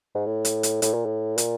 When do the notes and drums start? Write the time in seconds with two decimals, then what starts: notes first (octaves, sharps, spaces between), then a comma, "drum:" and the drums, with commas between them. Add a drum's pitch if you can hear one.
0.15 G#2
0.26 A2
0.45 drum: hi-hat
0.63 drum: hi-hat
0.82 A2, drum: hi-hat
0.94 A#2
1.06 A2
1.38 A#2, drum: hi-hat